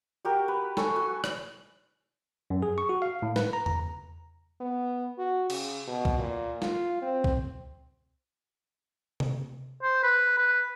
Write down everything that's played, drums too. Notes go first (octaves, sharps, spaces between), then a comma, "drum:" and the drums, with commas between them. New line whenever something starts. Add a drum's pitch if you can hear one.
F#4 G4 A#4
B4
A4 G#5 C#6, drum: snare
F#4
drum: rim click
F#2
G#4
C#6
F#4
F5
A2
B4, drum: snare
A#5
A#5, drum: tom E2
B3
F#4
C#3, drum: cymbal
B2
drum: kick
A#2
F4, drum: snare
C4
drum: kick
drum: tom C3
C5
B4
B4